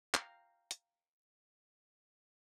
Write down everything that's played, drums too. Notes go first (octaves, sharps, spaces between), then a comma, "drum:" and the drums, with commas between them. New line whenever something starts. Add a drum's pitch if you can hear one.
F5 G5 A#5, drum: clap
drum: hi-hat